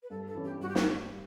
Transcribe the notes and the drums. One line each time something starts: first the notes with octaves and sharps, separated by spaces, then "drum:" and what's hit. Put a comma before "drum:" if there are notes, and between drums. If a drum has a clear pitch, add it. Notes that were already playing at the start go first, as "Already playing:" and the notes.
B4
G2 A4
A4
E3 G3 C#4
G4
G2 F#4
G4
F#4, drum: snare